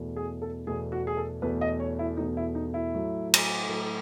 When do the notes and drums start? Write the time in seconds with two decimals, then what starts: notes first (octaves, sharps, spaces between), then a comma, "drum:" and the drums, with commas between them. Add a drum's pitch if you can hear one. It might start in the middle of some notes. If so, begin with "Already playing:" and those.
Already playing: E2 B2 A3
0.16 G#4
0.42 A4
0.67 E2 B2 A3 G#4
0.92 F#4
1.07 G#4
1.17 A4
1.42 E2 B2 A3 B4
1.61 D#5
1.80 C#5
1.99 E4
2.17 E2 B2 A3 D#4
2.37 E4
2.55 D#4
2.74 E4
2.93 A2 F#3 A3
3.34 drum: cymbal
3.68 A2 F#3 A3